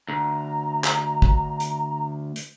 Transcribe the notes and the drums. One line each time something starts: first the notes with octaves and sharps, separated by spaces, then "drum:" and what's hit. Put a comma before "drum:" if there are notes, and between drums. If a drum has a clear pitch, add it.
D2 A#5
drum: clap
drum: kick
drum: hi-hat
drum: hi-hat